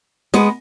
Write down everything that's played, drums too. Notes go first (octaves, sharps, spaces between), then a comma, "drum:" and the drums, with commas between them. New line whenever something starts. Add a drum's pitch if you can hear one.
G#3 B3, drum: snare